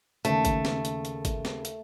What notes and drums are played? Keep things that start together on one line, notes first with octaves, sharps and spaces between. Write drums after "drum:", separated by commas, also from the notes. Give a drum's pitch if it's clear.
D#2 C#3 A3, drum: hi-hat
drum: kick, hi-hat
drum: snare
drum: hi-hat
drum: hi-hat
drum: kick, hi-hat
drum: snare
drum: hi-hat